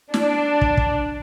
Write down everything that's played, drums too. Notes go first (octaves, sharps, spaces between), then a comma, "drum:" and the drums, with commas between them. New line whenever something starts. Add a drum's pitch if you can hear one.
D4, drum: snare
drum: kick
drum: kick